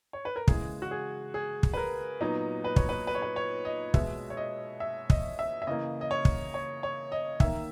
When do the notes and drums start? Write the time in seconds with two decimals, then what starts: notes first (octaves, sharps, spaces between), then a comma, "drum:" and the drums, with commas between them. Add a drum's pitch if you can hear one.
0.13 C#5
0.25 B4
0.36 A#4
0.48 C#3 E3 G#3 G#4, drum: kick
0.82 F#4
0.91 G#4
1.34 G#4
1.63 drum: kick
1.74 B4
1.77 A#4
2.21 A#2 F#3 B3 D#4
2.64 B4
2.76 C#5, drum: kick
2.89 B4
3.07 B4
3.15 C#5
3.22 B4
3.36 C#5
3.65 D#5
3.94 B2 G#3 B3 E5, drum: kick
4.30 C#5
4.37 D#5
4.80 E5
5.10 D#5, drum: kick
5.39 E5
5.62 E5
5.67 C#3 E3 A#3 D#5
6.01 D#5
6.11 C#5
6.25 drum: kick
6.54 C#5
6.83 C#5
7.12 D#5
7.40 D#3 A#3 E5, drum: kick